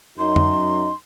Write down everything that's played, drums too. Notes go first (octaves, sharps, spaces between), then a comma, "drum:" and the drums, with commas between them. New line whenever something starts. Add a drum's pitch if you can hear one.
F#2 D#4 C6
drum: tom F2